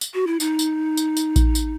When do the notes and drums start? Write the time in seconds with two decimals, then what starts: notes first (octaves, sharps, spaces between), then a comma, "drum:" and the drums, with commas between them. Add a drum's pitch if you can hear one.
0.01 drum: tambourine
0.14 F#4
0.27 E4
0.40 D#4, drum: tambourine
0.59 drum: tambourine
0.97 drum: tambourine
1.17 drum: tambourine
1.36 drum: kick A1, tambourine
1.55 drum: tambourine